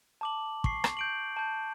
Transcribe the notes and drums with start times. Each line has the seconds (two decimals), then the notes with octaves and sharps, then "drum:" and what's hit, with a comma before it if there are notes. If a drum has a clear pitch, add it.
0.21 A5 D6 F#7
0.64 C#6 C7, drum: kick
0.84 drum: rim click
0.97 G6 D7 F#7
1.37 A5 G6